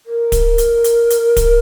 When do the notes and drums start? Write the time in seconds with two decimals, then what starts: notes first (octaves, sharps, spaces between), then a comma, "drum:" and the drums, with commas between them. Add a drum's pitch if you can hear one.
0.06 A#4
0.32 drum: kick D1, hi-hat
0.58 drum: hi-hat
0.84 drum: hi-hat
1.10 drum: hi-hat
1.36 drum: kick D1, hi-hat